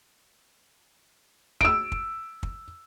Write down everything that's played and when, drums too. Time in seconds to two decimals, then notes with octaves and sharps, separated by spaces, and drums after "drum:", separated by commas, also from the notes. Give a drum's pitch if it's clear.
1.61 E6 D7, drum: kick
1.92 drum: kick
2.43 drum: kick